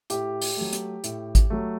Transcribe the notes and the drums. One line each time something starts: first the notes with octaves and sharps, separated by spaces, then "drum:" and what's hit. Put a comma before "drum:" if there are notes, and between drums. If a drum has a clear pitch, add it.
A2 G4, drum: hi-hat
drum: open hi-hat
F#3 A3
drum: hi-hat
A2, drum: hi-hat
drum: kick G#1, hi-hat
F#3 A3